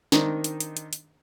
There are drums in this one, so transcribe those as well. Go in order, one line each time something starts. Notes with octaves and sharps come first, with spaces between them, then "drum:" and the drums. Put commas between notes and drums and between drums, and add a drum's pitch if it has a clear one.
D#3 C4 D4 D#4, drum: snare
drum: hi-hat
drum: hi-hat
drum: hi-hat
drum: hi-hat